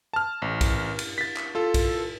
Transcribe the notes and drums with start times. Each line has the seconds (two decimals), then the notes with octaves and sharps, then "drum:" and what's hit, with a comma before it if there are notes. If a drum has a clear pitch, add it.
0.13 A5 F6
0.42 A1
0.61 drum: kick, cymbal
0.99 drum: cymbal
1.18 A6 B6
1.36 drum: clap
1.55 F4 A4
1.74 drum: kick, cymbal